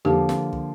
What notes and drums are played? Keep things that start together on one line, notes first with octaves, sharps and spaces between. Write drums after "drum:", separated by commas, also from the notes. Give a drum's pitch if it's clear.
D3 F3 A#3 G4, drum: tom E2
drum: snare
drum: kick